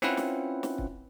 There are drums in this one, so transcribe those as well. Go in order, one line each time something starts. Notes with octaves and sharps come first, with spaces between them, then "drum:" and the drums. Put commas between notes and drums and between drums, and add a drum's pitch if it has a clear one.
C4 C#4 E4 F4 B4 F#5, drum: snare
drum: snare
drum: snare
drum: kick